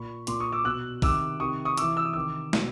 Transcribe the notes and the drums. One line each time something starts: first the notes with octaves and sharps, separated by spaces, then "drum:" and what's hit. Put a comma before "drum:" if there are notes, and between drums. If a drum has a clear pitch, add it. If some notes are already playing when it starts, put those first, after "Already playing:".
Already playing: A#2 B5 C#6
A#2 C6 D6, drum: hi-hat
C#6 D#6
D6 E6
B2 E6 F#6
C3 D#3 D6 E6, drum: kick, open hi-hat
C3 D#3 C#6 D#6
C#6 D#6
C3 E3 D6 E6, drum: hi-hat
E6
D#6
C3 D#3 D6 E6
B2, drum: snare